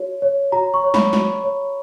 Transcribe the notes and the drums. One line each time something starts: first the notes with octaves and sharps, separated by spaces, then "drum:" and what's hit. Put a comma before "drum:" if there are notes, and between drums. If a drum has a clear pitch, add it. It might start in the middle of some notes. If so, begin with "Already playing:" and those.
Already playing: F#4 C#5
C#5
F#4 A#5
C#6
C#5
B5, drum: snare
F#4, drum: snare
C#5